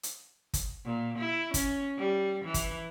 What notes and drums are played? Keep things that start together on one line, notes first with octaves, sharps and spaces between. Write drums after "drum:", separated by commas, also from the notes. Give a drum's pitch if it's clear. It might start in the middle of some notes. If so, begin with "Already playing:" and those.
drum: hi-hat
drum: kick, hi-hat
A#2
E4
C#4, drum: kick, hi-hat
G3
E3
drum: kick, hi-hat